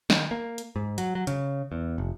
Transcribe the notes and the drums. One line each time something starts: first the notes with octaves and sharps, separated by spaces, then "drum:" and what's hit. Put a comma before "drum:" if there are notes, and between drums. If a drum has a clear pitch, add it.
D#3, drum: snare
A#3
drum: hi-hat
G#2
F#3, drum: hi-hat
F#3
C#3, drum: hi-hat
E2
F1